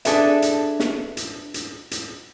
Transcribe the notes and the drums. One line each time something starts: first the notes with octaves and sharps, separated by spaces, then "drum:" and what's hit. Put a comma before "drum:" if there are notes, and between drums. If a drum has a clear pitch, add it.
D4 G#4 A4 B4 E5, drum: hi-hat
drum: hi-hat
drum: snare
drum: hi-hat
drum: hi-hat
drum: hi-hat